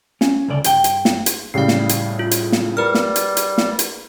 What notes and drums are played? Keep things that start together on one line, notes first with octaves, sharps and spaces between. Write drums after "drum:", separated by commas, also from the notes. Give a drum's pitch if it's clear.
C#4, drum: snare
D2 C#3 D5
G2 G5, drum: hi-hat
drum: hi-hat
drum: snare
drum: hi-hat
A2 C#3 G3 F5 C7
drum: snare
drum: hi-hat
F4
drum: hi-hat
drum: snare
G3 A#4 B4 F6
drum: snare
drum: hi-hat
drum: hi-hat
drum: snare
drum: hi-hat